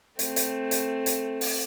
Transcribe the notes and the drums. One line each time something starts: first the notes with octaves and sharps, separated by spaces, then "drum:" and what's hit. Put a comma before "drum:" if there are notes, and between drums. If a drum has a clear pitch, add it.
A3 C4, drum: hi-hat
drum: hi-hat
drum: hi-hat
drum: hi-hat
drum: open hi-hat